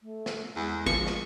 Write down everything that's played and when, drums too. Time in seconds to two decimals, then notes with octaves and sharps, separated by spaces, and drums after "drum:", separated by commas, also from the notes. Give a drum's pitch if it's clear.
0.01 A3
0.26 drum: snare
0.56 E2 G#3
0.86 F3 C#6, drum: kick
1.07 drum: snare